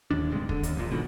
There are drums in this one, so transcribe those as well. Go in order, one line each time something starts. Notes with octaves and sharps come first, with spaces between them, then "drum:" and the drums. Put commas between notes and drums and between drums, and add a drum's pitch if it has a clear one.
D1 D#2 D4
D1 G2 C3 G#3
D3, drum: kick
D#2, drum: hi-hat
D#1 A#1 A#2
D#2 G#2 B2 D3